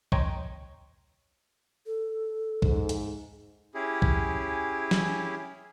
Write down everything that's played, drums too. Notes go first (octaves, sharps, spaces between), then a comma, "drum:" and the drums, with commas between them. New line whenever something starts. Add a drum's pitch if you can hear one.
C#5 D#5 G5 A#5 C6 C#6, drum: kick
A4
G#2, drum: kick
drum: hi-hat
C#4 E4 G4 G#4
drum: kick
drum: snare